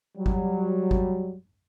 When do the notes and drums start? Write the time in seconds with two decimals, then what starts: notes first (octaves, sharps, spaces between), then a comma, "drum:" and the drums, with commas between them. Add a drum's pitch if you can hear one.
0.16 F#3 G3
0.26 drum: kick G#1
0.91 drum: kick G#1